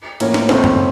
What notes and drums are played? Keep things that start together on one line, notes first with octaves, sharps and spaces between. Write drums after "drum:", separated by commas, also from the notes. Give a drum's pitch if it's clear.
A2 F3 A#3 C#4, drum: cymbal
drum: snare
C#2 C#3 A3 C4, drum: snare
drum: tom F#2